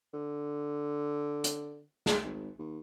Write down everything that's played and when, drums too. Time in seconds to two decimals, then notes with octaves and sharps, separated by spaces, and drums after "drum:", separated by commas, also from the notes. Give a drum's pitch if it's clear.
0.14 D3
1.44 drum: hi-hat
2.06 drum: snare
2.25 G#1
2.59 D#2